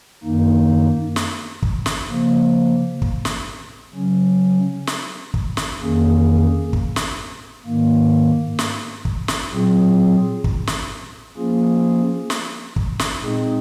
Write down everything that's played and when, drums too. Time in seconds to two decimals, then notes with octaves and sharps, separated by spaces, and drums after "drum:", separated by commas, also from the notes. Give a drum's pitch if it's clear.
0.23 F#2 D#3 A#3 D#4
1.16 drum: snare
1.62 drum: kick
1.86 drum: snare
2.09 C#3 F3 A#3
3.02 drum: kick
3.25 drum: snare
3.94 C#3 F#3 C#4
4.87 drum: snare
5.34 drum: kick
5.57 drum: snare
5.80 F2 D#3 A#3 C#4 G#4
6.73 drum: kick
6.96 drum: snare
7.66 G#2 D#3 A#3
8.59 drum: snare
9.05 drum: kick
9.28 drum: snare
9.52 A#2 F#3 C4 F4 G#4
10.44 drum: kick
10.67 drum: snare
11.37 F3 A#3 C#4 F4 G#4
12.30 drum: snare
12.76 drum: kick
12.99 drum: snare
13.22 A#2 G#3 C4 D#4 G#4